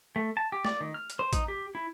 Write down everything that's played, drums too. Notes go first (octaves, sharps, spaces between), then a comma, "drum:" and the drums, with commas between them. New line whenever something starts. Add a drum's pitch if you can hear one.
A3
A5
G4
D5, drum: snare
D#3
F6
drum: hi-hat
C5
D#4, drum: kick A1, hi-hat
G4
E4